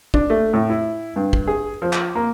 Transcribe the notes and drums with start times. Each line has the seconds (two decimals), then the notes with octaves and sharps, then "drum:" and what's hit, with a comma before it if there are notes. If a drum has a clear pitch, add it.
0.14 D4, drum: kick
0.30 A3
0.53 A2
0.70 E4
1.16 G2
1.33 drum: kick
1.47 G#4
1.82 F3
1.93 drum: clap
2.15 A#3